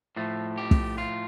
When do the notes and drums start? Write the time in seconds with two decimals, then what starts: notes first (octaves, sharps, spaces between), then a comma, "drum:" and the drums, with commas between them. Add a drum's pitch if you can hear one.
0.16 A2 F3 A3
0.58 G4
0.71 drum: kick
0.98 F4